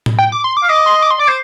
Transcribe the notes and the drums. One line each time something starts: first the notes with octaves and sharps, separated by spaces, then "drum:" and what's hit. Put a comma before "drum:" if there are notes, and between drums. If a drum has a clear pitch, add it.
drum: tom A2
G5
D6
C6
D6
F5
D#5 D6
C6
D6
C6
D5 D6
C5